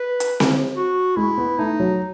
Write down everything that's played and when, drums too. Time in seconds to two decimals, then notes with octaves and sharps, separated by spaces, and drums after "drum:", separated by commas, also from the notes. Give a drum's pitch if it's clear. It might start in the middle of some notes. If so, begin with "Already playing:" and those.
Already playing: B4
0.20 drum: hi-hat
0.40 drum: snare C4
0.75 F#4
1.16 G#3 E4
1.38 B3
1.58 A3 D#4
1.80 F#3